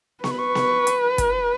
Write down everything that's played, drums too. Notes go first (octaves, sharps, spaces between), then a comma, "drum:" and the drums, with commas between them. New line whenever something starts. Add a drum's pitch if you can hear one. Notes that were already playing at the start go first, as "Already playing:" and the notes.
B4 C#6, drum: snare B3
B5
C#6
drum: snare B3
drum: hi-hat
drum: kick, hi-hat